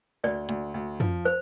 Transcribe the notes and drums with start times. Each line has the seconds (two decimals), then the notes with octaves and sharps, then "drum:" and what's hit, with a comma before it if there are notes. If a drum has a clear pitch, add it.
0.24 D2 D5
0.49 D2, drum: hi-hat
0.74 D2
1.00 F3, drum: tom
1.25 C5